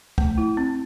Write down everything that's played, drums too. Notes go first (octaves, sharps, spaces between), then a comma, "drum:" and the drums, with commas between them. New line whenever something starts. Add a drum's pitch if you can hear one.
A3, drum: kick
E4
C4